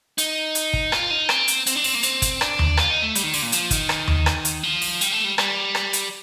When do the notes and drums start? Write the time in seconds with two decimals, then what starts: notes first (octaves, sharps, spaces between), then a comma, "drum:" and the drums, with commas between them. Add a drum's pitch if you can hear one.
0.18 D#4, drum: hi-hat
0.55 drum: hi-hat
0.73 drum: kick
0.92 F4, drum: rim click
1.11 D#4
1.29 C4, drum: rim click
1.48 drum: hi-hat
1.66 C4, drum: hi-hat
1.75 D4
1.84 C4, drum: open hi-hat
1.95 A#3
2.03 C4, drum: hi-hat
2.22 drum: kick, hi-hat
2.41 D4, drum: rim click
2.59 drum: tom D#2
2.77 F4, drum: rim click
2.90 D#4
3.02 A3
3.15 G3, drum: hi-hat
3.23 D#3
3.34 D3, drum: open hi-hat
3.42 A#2
3.52 F3, drum: hi-hat
3.71 D#3, drum: kick, hi-hat
3.89 drum: rim click
4.08 drum: tom D#2
4.26 drum: rim click
4.45 drum: hi-hat
4.63 F3
4.82 drum: open hi-hat
5.01 G3, drum: hi-hat
5.12 A3
5.25 G3
5.38 G3, drum: rim click
5.75 drum: rim click
5.93 drum: hi-hat